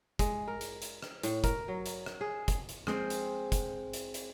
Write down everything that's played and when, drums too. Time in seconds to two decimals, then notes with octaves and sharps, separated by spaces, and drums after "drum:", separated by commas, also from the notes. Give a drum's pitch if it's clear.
0.19 G#3, drum: kick, hi-hat
0.48 A#4
0.61 drum: hi-hat
0.82 drum: hi-hat
1.02 drum: rim click
1.23 A2, drum: hi-hat
1.44 A#4, drum: kick, hi-hat
1.68 F#3
1.86 drum: hi-hat
2.06 drum: rim click
2.21 G#4
2.48 drum: kick, hi-hat
2.69 drum: hi-hat
2.87 G#3 C4 C5, drum: rim click
3.10 drum: hi-hat
3.52 drum: kick, hi-hat
3.93 drum: hi-hat
4.14 drum: hi-hat